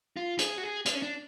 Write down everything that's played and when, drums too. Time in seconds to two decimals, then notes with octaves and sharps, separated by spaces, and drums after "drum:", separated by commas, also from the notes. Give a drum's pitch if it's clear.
0.17 F4
0.39 G#4, drum: hi-hat
0.58 F#4
0.63 G#4
0.86 D4, drum: hi-hat
0.95 C#4
1.02 D4